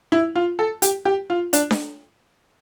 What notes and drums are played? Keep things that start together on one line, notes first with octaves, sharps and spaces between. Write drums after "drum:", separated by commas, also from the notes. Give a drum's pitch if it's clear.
E4
F4
A4
G4, drum: hi-hat
G4
F4
D4, drum: hi-hat
drum: snare D4